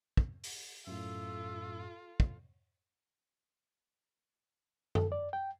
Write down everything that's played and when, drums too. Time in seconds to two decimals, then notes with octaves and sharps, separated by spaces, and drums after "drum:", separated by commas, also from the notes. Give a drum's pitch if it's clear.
0.17 drum: kick
0.44 drum: open hi-hat
0.87 F#2 A2 F4 A4 E5
2.20 drum: kick
4.95 A4, drum: tom F#2
5.12 D5
5.33 G5